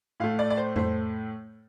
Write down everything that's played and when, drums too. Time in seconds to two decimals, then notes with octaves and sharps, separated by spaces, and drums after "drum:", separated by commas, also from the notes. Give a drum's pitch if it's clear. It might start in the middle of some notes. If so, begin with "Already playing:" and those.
0.20 A2 A3 F5
0.39 D5
0.50 D5
0.57 C5
0.76 A2 A3 C5, drum: tom F2